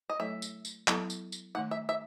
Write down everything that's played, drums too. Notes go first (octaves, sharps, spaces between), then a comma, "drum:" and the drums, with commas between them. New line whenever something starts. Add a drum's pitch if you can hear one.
D#5
F#3 A3 E4 A4 C#5 E5
drum: tambourine
drum: tambourine
F#3 B3 E4 A4, drum: clap
drum: tambourine
drum: tambourine
D#3 A3 D#4 F#5
E5
E5